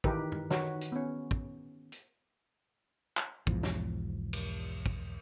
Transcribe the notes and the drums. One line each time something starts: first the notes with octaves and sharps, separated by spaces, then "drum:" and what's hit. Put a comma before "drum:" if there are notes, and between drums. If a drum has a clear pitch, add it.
D#3 E3 D#4 G4 A#4 B4, drum: kick
drum: tom
D#3 D#4 F#4 B4 C#5, drum: snare
drum: hi-hat
B3 C#4
drum: kick
drum: hi-hat
drum: clap
B1 E2 G#2 F3, drum: kick
drum: snare
drum: cymbal
drum: kick